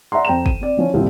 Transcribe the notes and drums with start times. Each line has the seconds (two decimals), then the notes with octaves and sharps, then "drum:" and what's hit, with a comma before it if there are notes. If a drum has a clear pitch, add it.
0.12 D5 E5 F#5 A#5 C6
0.25 F2 G5 A#5 E7
0.46 D#7, drum: kick
0.61 C4 D5
0.77 E3 F3 C#4
0.94 D#1 C2 G2 G3 C4 E4